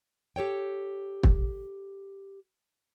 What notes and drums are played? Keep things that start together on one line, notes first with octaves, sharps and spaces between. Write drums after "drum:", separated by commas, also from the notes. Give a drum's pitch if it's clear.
G4 A4 C#5 G5
drum: kick